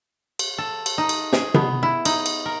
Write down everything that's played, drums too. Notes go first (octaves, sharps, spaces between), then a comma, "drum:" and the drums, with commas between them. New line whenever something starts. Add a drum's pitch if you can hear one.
drum: cymbal
A4
drum: cymbal
D#4
drum: cymbal
G#4, drum: snare
B3, drum: tom C3
E4
D#4, drum: cymbal
drum: cymbal
A#4